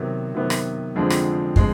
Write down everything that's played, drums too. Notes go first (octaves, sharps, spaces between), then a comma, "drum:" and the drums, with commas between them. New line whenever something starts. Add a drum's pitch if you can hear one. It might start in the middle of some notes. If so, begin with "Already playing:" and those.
Already playing: C3 D#3 F#3 B3
C3 D#3 F#3 B3
drum: rim click
F2 D3 F3 G#3 C4
drum: rim click
F3 G#3 C4, drum: kick